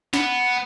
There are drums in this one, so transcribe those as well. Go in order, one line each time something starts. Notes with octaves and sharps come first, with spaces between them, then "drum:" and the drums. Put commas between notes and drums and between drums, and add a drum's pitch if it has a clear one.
B3, drum: snare